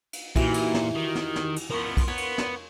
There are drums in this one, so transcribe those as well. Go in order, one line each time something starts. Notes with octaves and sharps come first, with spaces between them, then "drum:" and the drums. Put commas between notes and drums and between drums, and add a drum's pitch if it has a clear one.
drum: cymbal
A#2 E3 D#4 F#4 G4, drum: kick B1, cymbal
drum: cymbal
drum: snare
D#3
drum: snare
drum: snare
drum: cymbal
F3 B3 A#4 C6 C#6
drum: kick B1, cymbal
B3 C#5
drum: cymbal
drum: snare